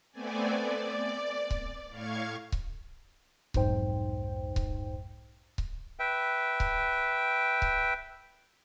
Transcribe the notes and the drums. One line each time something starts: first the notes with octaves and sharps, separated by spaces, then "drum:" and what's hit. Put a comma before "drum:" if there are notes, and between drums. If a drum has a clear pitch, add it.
A3 B3 C4 D5 G#5
D5
drum: kick C#1
A2 F5 C#6 G#6
drum: kick C#1
B1 F2 G#2 D#4 C5 G5, drum: kick C#1
drum: kick C#1
drum: kick C#1
B4 E5 G5
drum: kick C#1
drum: kick C#1